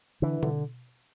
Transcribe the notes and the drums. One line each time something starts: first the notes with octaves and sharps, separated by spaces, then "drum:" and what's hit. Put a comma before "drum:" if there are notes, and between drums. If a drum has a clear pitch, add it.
D3 E3
D3, drum: tom B2